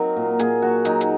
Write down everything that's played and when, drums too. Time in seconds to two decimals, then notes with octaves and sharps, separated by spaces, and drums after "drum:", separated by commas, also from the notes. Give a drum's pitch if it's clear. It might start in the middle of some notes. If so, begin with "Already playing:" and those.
Already playing: F#3 C4 D#4 A#4
0.16 A#2
0.39 A#2 G#4, drum: hi-hat
0.62 F#3 F#4
0.85 F#3 D#4, drum: hi-hat
1.01 drum: hi-hat